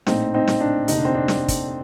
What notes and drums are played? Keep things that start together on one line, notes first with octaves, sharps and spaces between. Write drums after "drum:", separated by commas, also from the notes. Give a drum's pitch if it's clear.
A#1 A2 C4 D#4, drum: snare
C4 D#4
drum: snare
D4
F1 D#2 D3 D#4, drum: hi-hat
D4
C4
D4
drum: snare
drum: kick, hi-hat